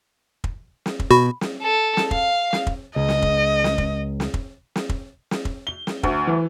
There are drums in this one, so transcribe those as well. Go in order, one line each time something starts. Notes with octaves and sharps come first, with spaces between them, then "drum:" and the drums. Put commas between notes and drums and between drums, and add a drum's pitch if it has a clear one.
drum: kick
drum: snare
drum: kick
B2 F#4 B5
drum: snare
A4
drum: snare
F5, drum: kick
drum: snare
drum: kick
C#2 D#5
drum: snare
drum: kick
drum: snare
drum: kick
drum: snare
drum: kick
drum: snare
drum: kick
drum: snare
drum: kick
G7
drum: snare
D2, drum: kick
E3